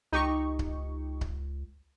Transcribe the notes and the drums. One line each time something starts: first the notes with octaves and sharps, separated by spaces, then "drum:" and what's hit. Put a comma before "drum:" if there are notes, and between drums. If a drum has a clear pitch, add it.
C#2 D#4 G4 C#6
drum: kick C#1
drum: kick C#1